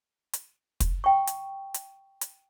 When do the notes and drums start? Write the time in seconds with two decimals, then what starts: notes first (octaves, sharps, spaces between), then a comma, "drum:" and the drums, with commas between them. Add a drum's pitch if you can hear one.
0.33 drum: hi-hat
0.80 drum: kick, hi-hat
1.04 G5 C#6
1.27 drum: hi-hat
1.74 drum: hi-hat
2.21 drum: hi-hat